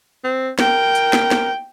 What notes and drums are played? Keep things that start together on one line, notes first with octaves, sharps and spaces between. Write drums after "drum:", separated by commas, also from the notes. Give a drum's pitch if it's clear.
C4
A#4 G5, drum: snare
drum: hi-hat
drum: snare
drum: snare